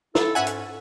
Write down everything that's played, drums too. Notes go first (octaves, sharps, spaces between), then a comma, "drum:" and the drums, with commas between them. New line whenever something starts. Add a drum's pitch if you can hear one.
E4 A4, drum: snare
G#2 C#4 A4 E5 F#5 G#5
drum: hi-hat